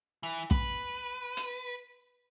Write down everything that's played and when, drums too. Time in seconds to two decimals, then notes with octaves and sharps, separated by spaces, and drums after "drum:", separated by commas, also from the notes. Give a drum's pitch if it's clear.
0.23 E3
0.51 B4, drum: kick
1.37 drum: hi-hat